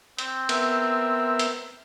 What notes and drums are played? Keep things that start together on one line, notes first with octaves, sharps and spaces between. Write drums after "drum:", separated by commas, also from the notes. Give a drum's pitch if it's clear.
C4, drum: hi-hat
B3 A#4 E5, drum: cymbal
drum: hi-hat